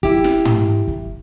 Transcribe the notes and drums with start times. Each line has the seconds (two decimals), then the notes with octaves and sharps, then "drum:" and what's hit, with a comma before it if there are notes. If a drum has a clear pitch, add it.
0.03 E4 G4, drum: kick
0.24 drum: snare
0.45 drum: tom
0.88 drum: kick